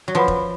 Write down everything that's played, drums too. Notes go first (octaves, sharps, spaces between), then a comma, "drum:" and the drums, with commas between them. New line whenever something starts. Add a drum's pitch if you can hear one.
F#3
F3 B4 F#5 B5
drum: kick F1